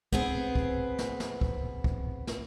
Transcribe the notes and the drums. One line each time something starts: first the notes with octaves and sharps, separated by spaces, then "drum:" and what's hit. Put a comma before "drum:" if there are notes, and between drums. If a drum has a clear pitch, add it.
B3 C4 G#4, drum: kick
drum: kick
drum: snare
drum: snare
drum: kick
drum: kick
drum: snare